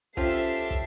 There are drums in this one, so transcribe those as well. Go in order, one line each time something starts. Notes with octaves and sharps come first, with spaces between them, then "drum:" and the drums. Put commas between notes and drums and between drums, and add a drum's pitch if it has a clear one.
C#4 F4 G4 A4 C5 E5 C7, drum: kick, hi-hat
drum: hi-hat
drum: hi-hat
drum: hi-hat
drum: kick, hi-hat